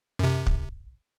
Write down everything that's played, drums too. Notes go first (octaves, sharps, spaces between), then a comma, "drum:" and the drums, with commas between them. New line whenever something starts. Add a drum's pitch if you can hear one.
F#2 C3
drum: kick